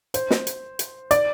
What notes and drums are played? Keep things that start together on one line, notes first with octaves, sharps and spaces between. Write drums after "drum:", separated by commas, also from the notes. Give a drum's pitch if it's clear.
C5, drum: hi-hat
drum: snare
drum: hi-hat
drum: hi-hat
D5, drum: hi-hat